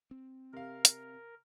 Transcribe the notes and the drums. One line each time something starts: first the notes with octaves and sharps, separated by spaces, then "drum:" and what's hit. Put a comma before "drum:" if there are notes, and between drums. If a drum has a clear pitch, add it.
C4
C3 A#4 F5
drum: hi-hat